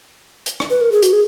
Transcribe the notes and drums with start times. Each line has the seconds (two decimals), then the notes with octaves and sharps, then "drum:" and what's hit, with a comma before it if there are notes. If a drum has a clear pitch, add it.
0.46 drum: hi-hat
0.60 drum: rim click
0.70 B4
0.81 A#4
0.92 G#4
1.02 F#4, drum: hi-hat
1.13 G#4